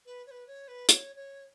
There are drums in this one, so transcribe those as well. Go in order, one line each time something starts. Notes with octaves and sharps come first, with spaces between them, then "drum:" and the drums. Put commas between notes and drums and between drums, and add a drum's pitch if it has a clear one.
B4
C#5
B4
C#5
B4
D5, drum: hi-hat
C#5
C#5